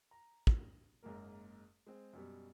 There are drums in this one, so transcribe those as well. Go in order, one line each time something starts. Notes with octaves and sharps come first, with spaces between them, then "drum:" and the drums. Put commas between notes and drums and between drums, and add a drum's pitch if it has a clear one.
A#5
drum: kick
F#1 G#2 G#3 A#3 A#4
G#3 C4
F#2 B2 G3